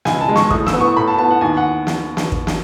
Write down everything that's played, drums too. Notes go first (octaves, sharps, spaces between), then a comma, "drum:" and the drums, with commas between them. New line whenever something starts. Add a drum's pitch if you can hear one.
C#2 G#5, drum: snare
A5
G#3
C#6, drum: snare
A2 D#6, drum: kick
E6, drum: snare
B3
C#6
A2 B5
A5
B3 A5
F#5
D#2 G#5
F#5
drum: snare
drum: snare
drum: kick
drum: snare